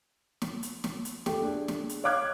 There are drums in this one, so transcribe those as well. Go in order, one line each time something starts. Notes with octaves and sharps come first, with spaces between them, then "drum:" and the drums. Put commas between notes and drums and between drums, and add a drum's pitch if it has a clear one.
drum: snare
drum: hi-hat
drum: snare
drum: hi-hat
A3 G4, drum: snare
D4 G#4
drum: snare
drum: hi-hat
C#5 F5 D6 F#6 G#6